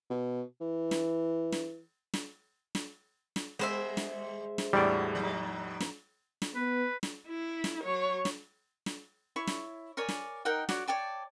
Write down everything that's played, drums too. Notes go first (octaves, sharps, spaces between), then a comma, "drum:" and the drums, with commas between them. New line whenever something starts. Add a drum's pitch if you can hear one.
B2
E3
drum: snare
drum: snare
drum: snare
drum: snare
drum: snare
G3 G#3 C5 E5
drum: snare
drum: snare
E2 A2 G3 D4 F#4 A4 D5
F3 D#4
drum: snare
drum: snare
B3 B4
drum: snare
E4
drum: snare
F#3 C#5
drum: snare
drum: snare
E4 C#5 C#6
drum: snare
A#4 C#5 D5 G#5
drum: snare
D#4 A#4 F#5 G5
F#4 C#5 D5 C#6, drum: snare
C#5 D5 G5 A5